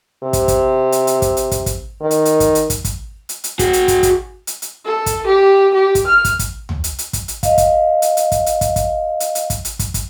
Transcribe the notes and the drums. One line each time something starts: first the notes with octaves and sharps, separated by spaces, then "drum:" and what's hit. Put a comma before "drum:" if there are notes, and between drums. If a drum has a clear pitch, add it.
C3
drum: kick, hi-hat
drum: kick, hi-hat
drum: hi-hat
drum: hi-hat
drum: kick, hi-hat
drum: hi-hat
drum: kick, hi-hat
drum: kick, hi-hat
D#3
drum: hi-hat
drum: hi-hat
drum: kick, hi-hat
drum: hi-hat
drum: kick, hi-hat
drum: kick, hi-hat
drum: hi-hat
drum: hi-hat
F#4 G#4, drum: kick, hi-hat
drum: hi-hat
drum: kick, hi-hat
drum: kick, hi-hat
drum: hi-hat
drum: hi-hat
A4
drum: kick, hi-hat
G4
G4
drum: kick, hi-hat
F6
drum: kick, hi-hat
drum: kick, hi-hat
drum: tom
drum: hi-hat
drum: hi-hat
drum: kick, hi-hat
drum: hi-hat
D#5 F5, drum: kick, hi-hat
drum: kick, hi-hat
drum: hi-hat
drum: hi-hat
drum: kick, hi-hat
drum: hi-hat
drum: kick, hi-hat
drum: kick, hi-hat
drum: hi-hat
drum: hi-hat
drum: kick, hi-hat
drum: hi-hat
drum: kick, hi-hat
drum: kick, hi-hat